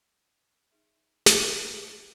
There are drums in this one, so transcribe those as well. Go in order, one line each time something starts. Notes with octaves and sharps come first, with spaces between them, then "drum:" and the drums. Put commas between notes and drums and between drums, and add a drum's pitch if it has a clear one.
D#4 G#4 E5
drum: snare
F#5 A5 B5